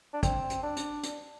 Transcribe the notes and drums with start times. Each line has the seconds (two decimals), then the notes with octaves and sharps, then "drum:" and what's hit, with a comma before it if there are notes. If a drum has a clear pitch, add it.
0.14 D4
0.23 C4, drum: kick, hi-hat
0.50 drum: hi-hat
0.63 D4
0.76 drum: hi-hat
1.03 drum: hi-hat